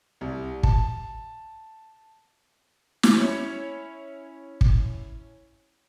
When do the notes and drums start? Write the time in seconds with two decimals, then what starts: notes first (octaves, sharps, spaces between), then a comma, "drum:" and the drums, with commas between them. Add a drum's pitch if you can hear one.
0.21 C2
0.63 A5, drum: kick
3.03 drum: snare
3.18 C#4 E4 C#5
4.61 drum: kick